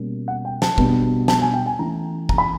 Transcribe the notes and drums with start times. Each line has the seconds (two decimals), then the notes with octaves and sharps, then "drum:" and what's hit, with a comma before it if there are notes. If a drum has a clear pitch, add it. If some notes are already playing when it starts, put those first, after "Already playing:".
Already playing: B2 G3 A#3 C#4
0.28 F#5
0.45 G5
0.62 A5, drum: snare
0.78 B2 G3 B3 D4, drum: kick
1.28 A5, drum: snare
1.42 G#5
1.54 G5
1.66 G#5
1.79 E3 A3 C#4 E4 A#5
2.29 A#5, drum: kick
2.38 B5